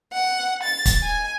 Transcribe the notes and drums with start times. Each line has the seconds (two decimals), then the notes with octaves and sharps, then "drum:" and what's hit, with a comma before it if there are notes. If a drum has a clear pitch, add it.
0.13 F#5
0.63 A6
0.86 drum: kick, hi-hat
1.02 G#5